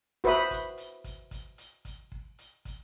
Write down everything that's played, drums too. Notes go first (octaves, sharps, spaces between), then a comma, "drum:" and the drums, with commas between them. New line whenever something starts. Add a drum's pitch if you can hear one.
F#4 B4 C5 E5 B5 D#6, drum: kick, hi-hat
drum: kick, hi-hat
drum: hi-hat
drum: kick, hi-hat
drum: kick, hi-hat
drum: hi-hat
drum: kick, hi-hat
drum: kick
drum: hi-hat
drum: kick, hi-hat